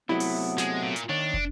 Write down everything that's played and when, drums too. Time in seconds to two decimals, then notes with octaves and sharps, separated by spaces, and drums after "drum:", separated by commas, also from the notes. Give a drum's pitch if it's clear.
0.09 C3 F#3 A3 B3 E4
0.20 drum: open hi-hat
0.58 G#3, drum: snare
0.82 A#2
0.96 drum: hi-hat
1.09 D#3 D4 C#5
1.34 drum: kick